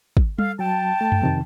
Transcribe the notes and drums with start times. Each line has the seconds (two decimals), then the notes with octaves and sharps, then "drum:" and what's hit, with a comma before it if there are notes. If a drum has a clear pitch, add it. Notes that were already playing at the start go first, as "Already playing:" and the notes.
0.17 drum: kick
0.39 A4 F5, drum: tom G3
0.59 F#3 G5 A5
1.01 A3
1.12 drum: tom F#2
1.22 F2 C3 D#3